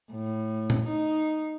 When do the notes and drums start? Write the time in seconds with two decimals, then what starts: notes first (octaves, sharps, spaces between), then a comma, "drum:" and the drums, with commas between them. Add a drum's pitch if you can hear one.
0.12 A2
0.70 drum: tom A#2
0.88 D#4